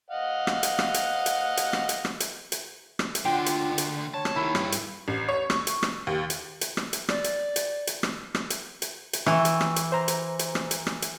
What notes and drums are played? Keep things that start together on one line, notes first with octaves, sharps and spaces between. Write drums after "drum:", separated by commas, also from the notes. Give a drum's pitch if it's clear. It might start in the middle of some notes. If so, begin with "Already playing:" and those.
D#5 F5 F#5
drum: rim click
drum: hi-hat
drum: rim click
drum: hi-hat
drum: hi-hat
drum: hi-hat
drum: rim click
drum: hi-hat
drum: rim click
drum: hi-hat
drum: hi-hat
drum: rim click
drum: hi-hat
D2 D3 F4 G5
drum: hi-hat
drum: hi-hat
C#5 A5
drum: rim click
D#2 D#3 E4
G2, drum: rim click
drum: hi-hat
A1
C#5
C#6, drum: rim click
drum: hi-hat
drum: rim click
D#2
drum: hi-hat
drum: hi-hat
drum: rim click
drum: hi-hat
D5, drum: rim click
drum: hi-hat
drum: hi-hat
drum: hi-hat
drum: rim click
drum: rim click
drum: hi-hat
drum: hi-hat
drum: hi-hat
E3 E5 G5 C#6, drum: rim click
drum: hi-hat
drum: rim click
drum: hi-hat
C5 A#5
drum: hi-hat
drum: hi-hat
drum: rim click
drum: hi-hat
drum: rim click
drum: hi-hat